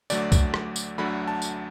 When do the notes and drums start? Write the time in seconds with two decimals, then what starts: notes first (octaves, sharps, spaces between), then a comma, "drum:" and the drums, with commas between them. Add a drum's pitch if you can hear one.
0.10 D2 D3 F#3 A3 D5, drum: tambourine
0.32 drum: kick, tambourine
0.54 drum: rim click
0.76 drum: tambourine
0.98 D2 D3 F#3 A3 B5
1.28 A5
1.42 drum: tambourine